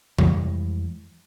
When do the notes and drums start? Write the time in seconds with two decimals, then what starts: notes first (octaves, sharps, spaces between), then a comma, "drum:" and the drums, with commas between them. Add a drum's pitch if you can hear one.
0.18 F2 E3 G3 G#3, drum: tom C3